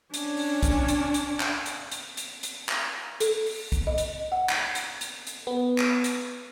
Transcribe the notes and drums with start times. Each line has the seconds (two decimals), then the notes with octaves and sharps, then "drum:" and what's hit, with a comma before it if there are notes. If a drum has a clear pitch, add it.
0.14 C#4 D4, drum: hi-hat
0.37 drum: open hi-hat
0.63 drum: kick, hi-hat
0.88 drum: hi-hat
1.14 drum: hi-hat
1.40 drum: clap
1.66 drum: hi-hat
1.92 drum: hi-hat
2.17 drum: hi-hat
2.43 drum: hi-hat
2.69 drum: clap
3.20 A4, drum: hi-hat
3.46 drum: open hi-hat
3.72 drum: kick, hi-hat
3.87 D#5
3.98 drum: hi-hat
4.32 F#5
4.49 drum: clap
4.75 drum: hi-hat
5.01 drum: hi-hat
5.27 drum: hi-hat
5.47 B3
5.78 drum: clap
6.04 drum: hi-hat